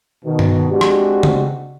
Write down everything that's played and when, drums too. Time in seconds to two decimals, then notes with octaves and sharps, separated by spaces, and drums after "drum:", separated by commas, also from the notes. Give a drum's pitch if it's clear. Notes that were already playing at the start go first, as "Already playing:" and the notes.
0.25 B2 D#3
0.39 drum: tom G2
0.71 G#3 C4 D4 F#4 G4
0.81 drum: rim click
1.23 drum: tom C#3